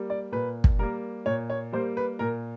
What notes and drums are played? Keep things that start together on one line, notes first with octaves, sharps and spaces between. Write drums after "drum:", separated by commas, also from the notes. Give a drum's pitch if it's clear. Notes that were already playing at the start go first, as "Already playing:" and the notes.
Already playing: G3 A#3
D5
A#2 B4
drum: kick
G3 A#3 A#4
A#2 C#5
C#5
G3 A#3 C5
B4
A#2 A#4